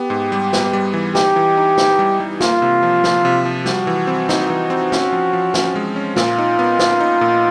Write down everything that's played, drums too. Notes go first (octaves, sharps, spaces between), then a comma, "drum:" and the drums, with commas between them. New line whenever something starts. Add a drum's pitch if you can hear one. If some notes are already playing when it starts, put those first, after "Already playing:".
Already playing: B3 G4
G#2
G3
B3, drum: snare
G3
E3
D#4 G4, drum: snare
E3
D#4
D#4, drum: snare
G3
G3
A#3 F4, drum: snare
C3
F3
F3, drum: snare
C3
F3
G3 F#4, drum: snare
E3
C4
D#4, drum: snare
E3
C4
C#4, drum: snare
F3
F3
C#4, drum: snare
G#3
C#4
A#2 F4, drum: snare
D#4
B3
B3, drum: snare
D#4
A#2